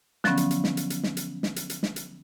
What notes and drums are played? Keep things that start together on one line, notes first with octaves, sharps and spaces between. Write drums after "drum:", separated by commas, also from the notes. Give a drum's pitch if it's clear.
D3 F3 F#3 B3 C#4, drum: snare
drum: hi-hat
drum: hi-hat
drum: snare
drum: hi-hat
drum: hi-hat
drum: snare
drum: hi-hat
drum: snare
drum: hi-hat
drum: hi-hat
drum: snare
drum: hi-hat